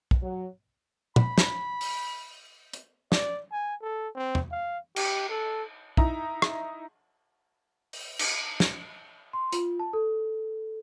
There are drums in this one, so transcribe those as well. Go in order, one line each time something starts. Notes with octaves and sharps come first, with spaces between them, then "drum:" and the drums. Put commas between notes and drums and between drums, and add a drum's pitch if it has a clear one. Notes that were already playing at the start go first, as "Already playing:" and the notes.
drum: kick
F#3
B5, drum: tom
drum: snare
drum: open hi-hat
drum: hi-hat
D5, drum: snare
G#5
A4
C4
drum: tom
F5
G4, drum: cymbal
A4
D#4 E4 A#5, drum: kick
drum: rim click
drum: open hi-hat
drum: cymbal
drum: snare
C6
F4, drum: hi-hat
A5
A4